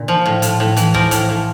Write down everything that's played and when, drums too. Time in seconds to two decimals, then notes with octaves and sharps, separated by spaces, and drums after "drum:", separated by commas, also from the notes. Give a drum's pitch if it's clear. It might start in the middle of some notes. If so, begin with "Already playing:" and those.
Already playing: A#2 D3
0.08 F3
0.26 A2
0.42 A2, drum: hi-hat
0.60 A2
0.77 E3, drum: hi-hat
0.94 F3 A#4, drum: kick
1.11 A2, drum: hi-hat
1.29 A2